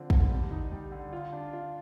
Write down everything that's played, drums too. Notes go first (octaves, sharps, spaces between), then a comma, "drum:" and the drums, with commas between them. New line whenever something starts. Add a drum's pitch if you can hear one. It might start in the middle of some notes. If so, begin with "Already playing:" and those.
Already playing: D3 F3 C4
D3, drum: kick
G3
D#4
G3
D3
F4
D4
F4